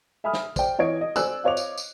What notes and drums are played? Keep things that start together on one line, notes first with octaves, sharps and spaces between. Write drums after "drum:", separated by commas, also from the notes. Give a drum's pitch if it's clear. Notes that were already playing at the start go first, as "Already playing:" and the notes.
E5 G#5 B5 D#6 F6
drum: snare
C5 D5 G5, drum: kick, tambourine
E3 C#5 D#5 G#6 D7
D#5
C5 D5 G#5 E6 F#6, drum: tambourine
F4 C5 C#5 D#5 D6 F7
drum: tambourine
drum: tambourine